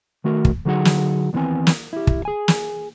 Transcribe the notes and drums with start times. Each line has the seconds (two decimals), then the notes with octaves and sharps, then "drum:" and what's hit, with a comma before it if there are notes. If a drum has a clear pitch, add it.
0.24 D#3 A3 F#4 A#4
0.45 drum: kick
0.65 D3 F#3 D#4 F#4 G#4 F#5
0.85 drum: snare
1.33 D#2 A#2 E3 B3 C4 G#5
1.67 drum: snare
1.93 E4 G4
2.07 drum: kick
2.25 G#4 G#5
2.48 drum: snare